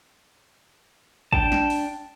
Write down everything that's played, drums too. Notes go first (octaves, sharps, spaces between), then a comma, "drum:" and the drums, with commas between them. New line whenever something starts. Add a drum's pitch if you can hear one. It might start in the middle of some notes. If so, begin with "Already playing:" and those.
D4 G5 A5, drum: kick
drum: snare
drum: open hi-hat